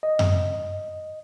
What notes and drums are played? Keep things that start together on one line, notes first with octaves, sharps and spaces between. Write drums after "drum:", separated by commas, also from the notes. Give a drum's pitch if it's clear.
D#5
drum: tom F#2